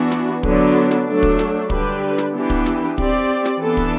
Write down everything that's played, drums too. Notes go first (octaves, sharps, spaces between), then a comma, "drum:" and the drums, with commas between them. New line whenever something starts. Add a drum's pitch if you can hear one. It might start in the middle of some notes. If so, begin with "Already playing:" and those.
Already playing: E3 B3 D4 F#4
drum: snare
D3 F#3 B3 D4, drum: kick
drum: snare
F#3 A3 D4
drum: kick
drum: snare
D3 G3 D4 G4 B4, drum: kick
drum: snare
E3 B3 D4 G4
drum: kick
drum: snare
C4 G4 D5, drum: kick
drum: snare
E3 B3 D4 A4
drum: kick